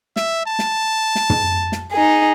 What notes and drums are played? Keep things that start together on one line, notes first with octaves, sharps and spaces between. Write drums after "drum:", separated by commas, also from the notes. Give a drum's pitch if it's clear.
E5, drum: snare
A5
drum: snare
drum: snare
drum: tom
drum: snare
D#4 G#4